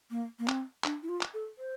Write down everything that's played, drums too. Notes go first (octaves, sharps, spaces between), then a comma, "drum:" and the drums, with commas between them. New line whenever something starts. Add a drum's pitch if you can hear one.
A#3
A#3
C4, drum: clap
D4, drum: clap
E4
F4
drum: clap
A4
C5